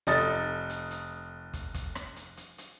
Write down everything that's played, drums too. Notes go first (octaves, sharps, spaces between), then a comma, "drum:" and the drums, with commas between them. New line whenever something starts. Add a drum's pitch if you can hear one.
F1 D#4 A4 D#6 A6, drum: hi-hat
drum: hi-hat
drum: hi-hat
drum: kick, hi-hat
drum: kick, hi-hat
drum: rim click
drum: hi-hat
drum: hi-hat
drum: hi-hat